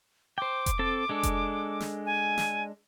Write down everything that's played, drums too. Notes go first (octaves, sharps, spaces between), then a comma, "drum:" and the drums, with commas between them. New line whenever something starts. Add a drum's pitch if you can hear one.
C5 G5 D6
drum: kick F1, hi-hat
C4 A4 A5
G#3 D4 A4
drum: kick F1, hi-hat
drum: snare
G#5
drum: snare